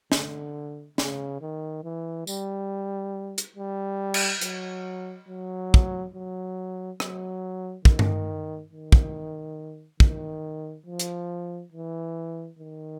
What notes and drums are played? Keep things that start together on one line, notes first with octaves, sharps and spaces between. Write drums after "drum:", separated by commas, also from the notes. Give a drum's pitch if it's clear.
D3, drum: snare
C#3, drum: snare
D#3
E3
G3, drum: tambourine
drum: hi-hat
G3
drum: cymbal
F#3, drum: hi-hat
F#3
drum: kick
F#3
F#3, drum: rim click
D#3, drum: kick
drum: tom G2
D#3
drum: kick
D#3, drum: kick
F3
drum: hi-hat
E3
D#3